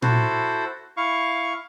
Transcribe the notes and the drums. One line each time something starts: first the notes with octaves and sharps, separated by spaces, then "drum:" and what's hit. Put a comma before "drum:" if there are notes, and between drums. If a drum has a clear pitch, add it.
E4 F#4 A4 C5, drum: tom A#2
E4 F5 C#6